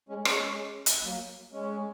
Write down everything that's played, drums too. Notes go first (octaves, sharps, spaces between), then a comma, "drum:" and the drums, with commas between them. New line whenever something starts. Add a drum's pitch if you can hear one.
G#3 C#4
G#3 C#4, drum: rim click
drum: hi-hat
F#3 A#3
G#3 C#4